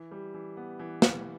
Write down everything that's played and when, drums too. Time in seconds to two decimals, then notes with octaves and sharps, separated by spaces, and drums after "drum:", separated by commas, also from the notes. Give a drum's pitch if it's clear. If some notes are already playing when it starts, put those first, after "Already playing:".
Already playing: E3
0.11 G3
0.34 E3
0.57 B3
0.79 E3
1.02 drum: snare